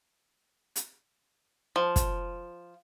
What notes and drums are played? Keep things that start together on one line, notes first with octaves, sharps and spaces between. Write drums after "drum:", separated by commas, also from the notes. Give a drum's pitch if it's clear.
drum: hi-hat
F3
drum: kick, hi-hat